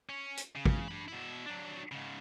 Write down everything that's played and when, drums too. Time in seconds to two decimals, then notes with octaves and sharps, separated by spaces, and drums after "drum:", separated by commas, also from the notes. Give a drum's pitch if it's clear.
0.09 C#4
0.37 drum: hi-hat
0.56 C#3
0.65 drum: kick
0.88 D4 B5
1.08 B2 E4
1.46 F#3 D4
1.92 G#2 C#3